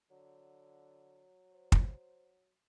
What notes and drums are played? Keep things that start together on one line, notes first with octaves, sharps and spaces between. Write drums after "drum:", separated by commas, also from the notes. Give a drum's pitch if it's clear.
D3 F#3
C5
drum: kick